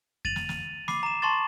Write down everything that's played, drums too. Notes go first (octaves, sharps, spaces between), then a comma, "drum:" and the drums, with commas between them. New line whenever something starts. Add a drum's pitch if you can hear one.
A6 D#7 F7 F#7, drum: kick F2
drum: snare
drum: snare
B5 D6 C7, drum: snare
A#5 E7
A5 C6 C#6 A6